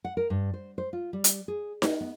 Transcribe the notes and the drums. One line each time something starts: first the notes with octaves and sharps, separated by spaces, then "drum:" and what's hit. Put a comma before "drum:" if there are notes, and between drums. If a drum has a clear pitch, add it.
F#5
A#4
G2
C5
C5
F4
G3
drum: hi-hat
G#4
D#5, drum: snare D#4
B3